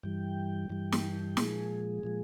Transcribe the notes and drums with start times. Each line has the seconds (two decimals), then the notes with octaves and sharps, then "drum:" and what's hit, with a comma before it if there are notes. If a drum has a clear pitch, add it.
0.03 G2 E3 G3 G5
0.70 G2 E3 G3
0.92 drum: snare
1.37 A#2 F3 G#3 G#4, drum: snare
2.03 A#2 F3 G#3